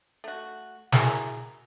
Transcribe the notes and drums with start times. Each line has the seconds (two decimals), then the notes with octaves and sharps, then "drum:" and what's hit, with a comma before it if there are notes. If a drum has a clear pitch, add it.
0.24 A3 F#4
0.92 E4 F#4 G#4 A#4, drum: snare